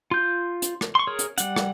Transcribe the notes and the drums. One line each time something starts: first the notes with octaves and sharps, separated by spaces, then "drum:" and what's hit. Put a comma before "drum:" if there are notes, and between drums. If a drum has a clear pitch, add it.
F4 G6
drum: hi-hat
drum: rim click
C6 C#6
G#4 A#4 C#5
drum: hi-hat
G3 F#5, drum: hi-hat
drum: rim click